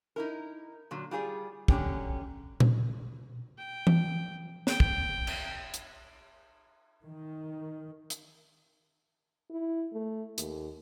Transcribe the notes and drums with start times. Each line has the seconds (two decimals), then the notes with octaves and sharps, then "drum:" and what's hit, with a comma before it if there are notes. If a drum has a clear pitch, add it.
0.16 D#4 E4 A#4
0.91 A#2 D3 F#3
1.11 G3 F4 G#4 C5 D5
1.68 F#2 D3 C#4 G4 A#5, drum: kick
2.60 drum: tom A#2
3.58 G5
3.87 drum: tom E3
4.67 G5, drum: snare
4.80 drum: kick
5.27 drum: cymbal
5.74 drum: hi-hat
7.05 D#3
8.10 drum: hi-hat
9.50 E4
9.92 A3
10.38 D#2, drum: hi-hat